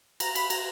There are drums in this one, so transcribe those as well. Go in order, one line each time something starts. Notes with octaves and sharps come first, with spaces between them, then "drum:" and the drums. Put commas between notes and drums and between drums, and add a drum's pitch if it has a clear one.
A#5, drum: cymbal
B5, drum: cymbal
A#5, drum: cymbal